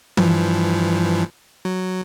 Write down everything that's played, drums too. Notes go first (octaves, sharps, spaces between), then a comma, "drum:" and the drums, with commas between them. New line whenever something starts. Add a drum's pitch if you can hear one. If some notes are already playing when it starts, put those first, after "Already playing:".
G2 E3 F3, drum: tom E3
F#3